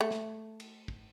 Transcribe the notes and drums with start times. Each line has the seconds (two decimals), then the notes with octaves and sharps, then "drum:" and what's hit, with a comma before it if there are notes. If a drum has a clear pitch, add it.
0.01 A3
0.11 drum: snare
0.60 drum: cymbal
0.88 drum: kick